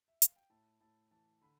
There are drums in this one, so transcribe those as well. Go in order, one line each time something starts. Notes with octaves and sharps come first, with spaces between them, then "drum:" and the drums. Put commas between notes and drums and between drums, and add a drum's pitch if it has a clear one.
E5
F5, drum: hi-hat
G5
A2 A5
A2 A5
E3 A5
D3 B5